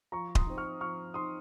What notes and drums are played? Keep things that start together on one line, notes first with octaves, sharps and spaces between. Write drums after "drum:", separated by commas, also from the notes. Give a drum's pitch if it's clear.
F3 A#5 C#6
C6 D#6, drum: kick D#1
C4 D#4
C#6 F6
F3 C#6 F6
C4 D#4 C6 D#6